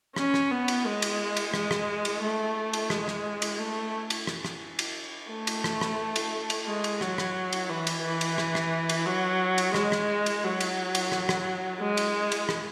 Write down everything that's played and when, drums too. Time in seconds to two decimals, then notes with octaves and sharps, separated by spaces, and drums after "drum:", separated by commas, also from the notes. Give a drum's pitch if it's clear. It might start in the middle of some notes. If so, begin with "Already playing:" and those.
0.16 C#4, drum: rim click
0.34 drum: rim click
0.51 B3
0.68 drum: cymbal
0.86 G#3
1.02 drum: cymbal
1.37 drum: cymbal
1.54 G#3, drum: rim click
1.71 drum: rim click
2.05 drum: cymbal
2.22 A3
2.73 drum: cymbal
2.90 G#3, drum: rim click
3.08 drum: rim click
3.42 drum: cymbal
3.59 A3
4.10 drum: cymbal
4.27 drum: rim click
4.45 drum: rim click
4.79 drum: cymbal
5.30 A3
5.47 drum: cymbal
5.64 drum: rim click
5.81 drum: rim click
6.16 drum: cymbal
6.50 drum: cymbal
6.67 G#3
6.84 drum: cymbal
7.01 F#3, drum: rim click
7.18 drum: rim click
7.53 drum: cymbal
7.70 E3
7.87 drum: cymbal
8.03 E3
8.21 drum: cymbal
8.38 drum: rim click
8.55 drum: rim click
8.89 drum: cymbal
9.07 F#3
9.58 drum: cymbal
9.74 G#3, drum: rim click
9.92 drum: rim click
10.26 drum: cymbal
10.44 F#3
10.61 drum: cymbal
10.95 drum: cymbal
11.12 drum: rim click
11.29 drum: rim click
11.80 G#3
11.97 drum: cymbal
12.32 drum: cymbal
12.49 drum: rim click